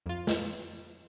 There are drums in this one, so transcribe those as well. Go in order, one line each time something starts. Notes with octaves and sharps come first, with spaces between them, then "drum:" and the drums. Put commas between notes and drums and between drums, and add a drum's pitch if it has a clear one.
F2 F4
drum: snare